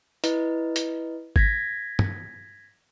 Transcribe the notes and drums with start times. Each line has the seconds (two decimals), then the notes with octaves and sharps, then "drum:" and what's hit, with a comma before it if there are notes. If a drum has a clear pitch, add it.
0.24 E4 B4 D#5, drum: hi-hat
0.76 drum: hi-hat
1.36 G#6 A#6 B6, drum: kick G#1
1.99 drum: tom